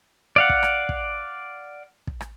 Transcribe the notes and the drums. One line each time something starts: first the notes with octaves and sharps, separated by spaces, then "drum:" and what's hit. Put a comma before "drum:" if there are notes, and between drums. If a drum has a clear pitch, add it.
D5 F5 F#5
drum: kick
drum: rim click
drum: kick
drum: kick
drum: rim click